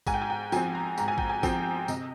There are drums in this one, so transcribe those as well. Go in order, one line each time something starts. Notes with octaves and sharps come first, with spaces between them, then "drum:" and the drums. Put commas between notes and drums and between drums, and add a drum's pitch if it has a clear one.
G#2 G#5, drum: kick, tambourine
G5
G#5
G5
F3 C4 G#5, drum: tambourine
A#5
G#2 A#5, drum: tambourine
G#5
G5, drum: kick
G#5
F3 C4 G5, drum: kick, tambourine
C3 D#5, drum: tambourine